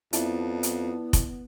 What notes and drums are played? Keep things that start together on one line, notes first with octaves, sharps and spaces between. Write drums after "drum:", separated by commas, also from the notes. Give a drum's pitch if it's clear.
F2 B3 E4 D5 A5, drum: hi-hat
drum: hi-hat
drum: kick F1, hi-hat